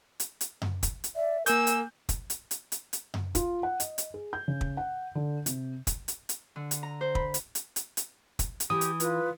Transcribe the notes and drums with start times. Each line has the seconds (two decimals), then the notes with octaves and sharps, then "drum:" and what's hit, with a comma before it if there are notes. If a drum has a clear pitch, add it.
0.20 drum: hi-hat
0.41 drum: hi-hat
0.62 drum: tom F#2
0.83 drum: kick, hi-hat
1.04 drum: hi-hat
1.16 D5 E5
1.46 A#3 A#4 G#5 E6 G6, drum: hi-hat
1.67 drum: hi-hat
2.09 drum: kick, hi-hat
2.30 drum: hi-hat
2.51 drum: hi-hat
2.72 drum: hi-hat
2.93 drum: hi-hat
3.14 drum: tom F#2
3.35 F4, drum: kick, hi-hat
3.63 F#5
3.80 D#5, drum: hi-hat
3.98 drum: hi-hat
4.14 G#4
4.33 G6
4.48 C#3
4.61 drum: kick
4.77 F#5
5.15 D3
5.46 C3, drum: hi-hat
5.87 drum: kick, hi-hat
6.08 drum: hi-hat
6.29 drum: hi-hat
6.56 D3
6.71 drum: hi-hat
6.83 A#5
7.01 C5
7.15 B5, drum: kick
7.34 drum: hi-hat
7.55 drum: hi-hat
7.76 drum: hi-hat
7.97 drum: hi-hat
8.39 drum: kick, hi-hat
8.60 drum: hi-hat
8.70 E3 G4 D#6
8.81 drum: hi-hat
9.00 F4 B4, drum: hi-hat